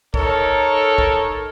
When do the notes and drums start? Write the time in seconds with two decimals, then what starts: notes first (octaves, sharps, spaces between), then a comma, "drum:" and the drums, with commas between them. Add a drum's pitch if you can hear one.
0.14 D#4 A4 A#4 C#5, drum: kick
0.98 drum: kick